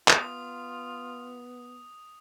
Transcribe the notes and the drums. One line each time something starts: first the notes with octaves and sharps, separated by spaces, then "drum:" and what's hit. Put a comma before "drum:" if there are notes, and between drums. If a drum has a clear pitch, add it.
B3 F4 D#6, drum: clap